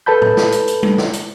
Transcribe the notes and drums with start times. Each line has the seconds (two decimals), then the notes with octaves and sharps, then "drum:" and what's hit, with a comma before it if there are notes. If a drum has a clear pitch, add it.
0.06 A4 B4 A5 B5 G6
0.22 drum: tom
0.37 drum: snare
0.52 drum: hi-hat
0.68 drum: hi-hat
0.83 drum: tom G3
0.98 drum: snare
1.13 drum: hi-hat